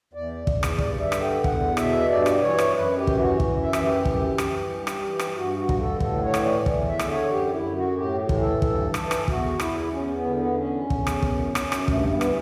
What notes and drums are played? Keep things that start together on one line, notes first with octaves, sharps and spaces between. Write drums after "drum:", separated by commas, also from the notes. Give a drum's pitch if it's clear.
E2 D5
E2, drum: kick
drum: rim click
G2 D5, drum: kick
E5
D3, drum: rim click
G5
E2 F#5, drum: kick
B2 E5, drum: rim click
G2 D5
drum: rim click
E3 C#5
drum: rim click
F#2 B4
G4
E3, drum: kick
F#4
F#2, drum: kick
E5
E3, drum: rim click
G4
F#2, drum: kick
E3, drum: rim click
G2
drum: rim click
E3
drum: rim click
G2 F#4
F#4
D3, drum: kick
A4
A2 A4, drum: kick
C#5
E3, drum: rim click
D5
E2, drum: kick
E5
D3, drum: rim click
C#5
F#2 G4
E4
F#2
F#4
A2 G4
E3, drum: kick
A4
G2 A4, drum: kick
E3 A4, drum: rim click
drum: rim click
E2 F#4, drum: kick
E2 E4, drum: rim click
E2 C#4
B3
D3
B3
E2 C#4
E2, drum: kick
drum: rim click
F#2, drum: kick
F#2, drum: rim click
drum: rim click
G2 A3, drum: kick
B3
E3, drum: rim click